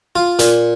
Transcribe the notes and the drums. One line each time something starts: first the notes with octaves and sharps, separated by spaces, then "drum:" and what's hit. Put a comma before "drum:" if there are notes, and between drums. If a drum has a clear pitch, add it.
F4
A#2, drum: hi-hat